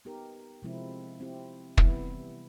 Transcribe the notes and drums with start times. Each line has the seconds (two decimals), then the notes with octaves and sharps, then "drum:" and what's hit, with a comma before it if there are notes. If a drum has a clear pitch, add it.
0.05 B3 D#4 G4 A#4
0.62 C3 F3 G#3 C4 E4
1.20 C4 E4 G4
1.77 C3 E3 G3 B3 E4, drum: kick